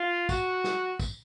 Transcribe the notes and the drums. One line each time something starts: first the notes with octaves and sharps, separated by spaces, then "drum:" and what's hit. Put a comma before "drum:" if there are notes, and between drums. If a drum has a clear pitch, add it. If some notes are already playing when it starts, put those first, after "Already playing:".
Already playing: F4
F#4, drum: kick, tambourine
drum: snare
drum: kick, tambourine